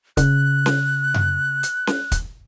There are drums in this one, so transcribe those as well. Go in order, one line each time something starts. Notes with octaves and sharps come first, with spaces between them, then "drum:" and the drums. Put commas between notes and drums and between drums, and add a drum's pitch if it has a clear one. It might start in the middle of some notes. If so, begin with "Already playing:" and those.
C#3 F#6, drum: kick, hi-hat
drum: snare C#4
drum: tom F#2
drum: hi-hat
drum: snare C#4
drum: kick, hi-hat